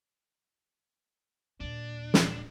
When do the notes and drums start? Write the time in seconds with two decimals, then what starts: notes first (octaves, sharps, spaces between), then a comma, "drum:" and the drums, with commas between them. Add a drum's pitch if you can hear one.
1.60 D#2 A#2 D4
2.14 drum: snare